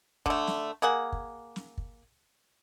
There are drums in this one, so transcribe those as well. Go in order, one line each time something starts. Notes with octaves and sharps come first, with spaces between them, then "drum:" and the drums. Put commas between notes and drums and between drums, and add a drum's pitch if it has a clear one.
D3 A3, drum: kick
drum: snare
A#3 G#4 F#5
drum: kick
drum: snare
drum: kick